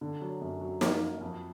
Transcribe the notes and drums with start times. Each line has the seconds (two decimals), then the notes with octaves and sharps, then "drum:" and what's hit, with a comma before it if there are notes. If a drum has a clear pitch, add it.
0.01 D3
0.21 F#3
0.41 F#2
0.61 F#3
0.81 A#3, drum: snare
1.01 F#3
1.21 F2